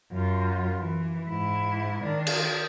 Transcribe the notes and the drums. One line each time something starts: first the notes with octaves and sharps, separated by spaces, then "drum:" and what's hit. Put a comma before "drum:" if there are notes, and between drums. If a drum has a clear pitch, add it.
F#2 F4
E3
G#2 E4
D#3 D4
drum: cymbal